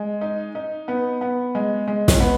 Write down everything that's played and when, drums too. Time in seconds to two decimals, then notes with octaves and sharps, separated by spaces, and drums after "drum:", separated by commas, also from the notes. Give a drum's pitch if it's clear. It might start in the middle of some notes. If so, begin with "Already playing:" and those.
Already playing: G#3
0.21 D#4
0.55 D#4
0.88 B3
1.21 B3
1.55 G#3
1.88 G#3
2.08 drum: snare
2.20 B3